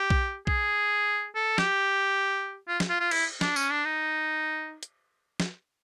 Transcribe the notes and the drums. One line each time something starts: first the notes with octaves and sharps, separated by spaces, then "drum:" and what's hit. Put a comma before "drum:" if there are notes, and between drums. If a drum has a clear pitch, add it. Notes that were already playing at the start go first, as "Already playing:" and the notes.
Already playing: G4
drum: kick B1
G#4, drum: kick B1
A4
G4, drum: snare
F4
drum: snare
F4
F4
E4, drum: cymbal
D4, drum: snare
C#4, drum: tambourine
D4
D#4
drum: hi-hat
drum: snare